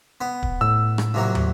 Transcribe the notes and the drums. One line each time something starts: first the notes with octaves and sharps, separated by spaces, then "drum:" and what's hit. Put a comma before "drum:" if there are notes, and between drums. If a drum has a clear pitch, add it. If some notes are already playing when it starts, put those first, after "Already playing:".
B3
drum: kick
A2 E6
drum: rim click
C2 A#2 F#3
drum: tom